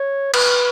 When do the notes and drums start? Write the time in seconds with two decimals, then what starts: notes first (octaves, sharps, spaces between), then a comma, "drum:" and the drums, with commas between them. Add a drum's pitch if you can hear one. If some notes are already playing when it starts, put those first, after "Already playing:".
Already playing: C#5
0.34 B4, drum: cymbal